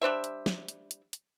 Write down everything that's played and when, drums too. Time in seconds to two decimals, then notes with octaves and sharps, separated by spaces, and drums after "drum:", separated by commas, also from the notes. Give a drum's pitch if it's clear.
0.01 G3 D4 C5 E5
0.24 drum: hi-hat
0.46 drum: snare
0.68 drum: hi-hat
0.91 drum: hi-hat
1.13 drum: hi-hat